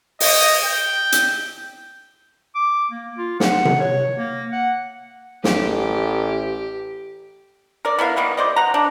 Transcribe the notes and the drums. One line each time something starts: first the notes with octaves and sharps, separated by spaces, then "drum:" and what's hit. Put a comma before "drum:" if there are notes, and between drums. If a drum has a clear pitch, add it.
D#5, drum: open hi-hat
G5
drum: hi-hat
D6
A#3
F4
F#5, drum: snare
drum: tom C3
C#5
A#3
F#5
A1 G4, drum: snare
A#4 D5
B3 E4 A#4 F5
D#3 G3 A#3 B3
C5 D5 D#5
G3 F#5 A#5
D4